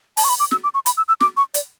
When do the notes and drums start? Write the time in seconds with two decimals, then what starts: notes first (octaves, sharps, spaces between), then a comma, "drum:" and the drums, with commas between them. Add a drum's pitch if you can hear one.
0.17 A5, drum: open hi-hat
0.24 C#6
0.29 B5
0.40 D6
0.51 E6, drum: snare
0.64 D6
0.74 C#6
0.86 B5, drum: hi-hat
0.97 E6
1.08 E6
1.20 D6, drum: snare
1.37 C#6
1.54 D5, drum: hi-hat